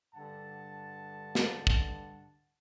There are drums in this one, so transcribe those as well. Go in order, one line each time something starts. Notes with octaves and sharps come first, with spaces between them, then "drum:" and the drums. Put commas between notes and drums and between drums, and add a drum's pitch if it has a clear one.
G2 D3 F#5 A5
drum: snare
drum: kick